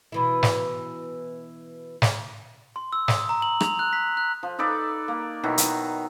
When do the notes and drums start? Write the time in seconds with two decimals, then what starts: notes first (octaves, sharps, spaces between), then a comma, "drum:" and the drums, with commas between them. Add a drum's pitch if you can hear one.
0.12 B2 E3 E4
0.43 drum: snare
2.02 drum: snare
2.76 C6
2.93 E6
3.08 D#6, drum: snare
3.29 A#5
3.42 F#7
3.61 F7, drum: rim click
3.79 F#6
3.93 B6
4.17 F#6
4.43 F3
4.59 D#4 A4 B4 D5
5.08 A#3
5.43 B2 D#3 F#3 E4
5.58 drum: hi-hat